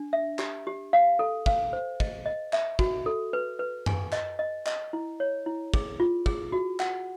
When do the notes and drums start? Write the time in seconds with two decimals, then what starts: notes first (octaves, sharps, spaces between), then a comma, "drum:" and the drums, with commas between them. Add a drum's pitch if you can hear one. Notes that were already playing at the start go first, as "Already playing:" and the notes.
Already playing: D4
0.13 E5
0.39 G4, drum: clap
0.67 G4
0.93 F5
1.19 A4
1.46 F5, drum: kick
1.73 C5
2.00 D#5, drum: kick
2.26 D#5
2.53 E5, drum: clap
2.79 F#4, drum: kick
3.06 A4
3.33 B4
3.59 B4
3.86 G#5, drum: tom F#2
4.12 D#5, drum: clap
4.39 D#5
4.66 D#5, drum: clap
4.93 E4
5.20 C#5
5.46 E4
5.74 G#4, drum: kick
6.00 F4
6.26 G#4, drum: kick
6.52 F#4
6.80 F#5, drum: clap